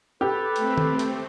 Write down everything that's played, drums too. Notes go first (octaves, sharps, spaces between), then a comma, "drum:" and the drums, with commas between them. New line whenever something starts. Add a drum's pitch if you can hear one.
G4 A4 B4
A3 C4, drum: hi-hat
drum: tom D#3
drum: hi-hat